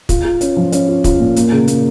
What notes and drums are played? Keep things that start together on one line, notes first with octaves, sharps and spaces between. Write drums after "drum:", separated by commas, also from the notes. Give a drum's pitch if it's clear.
F4, drum: kick, hi-hat
F4
C#4, drum: hi-hat
F3
C#4, drum: hi-hat
F4
F4, drum: kick, hi-hat
A#2
A#3, drum: hi-hat
C#3
A#3, drum: hi-hat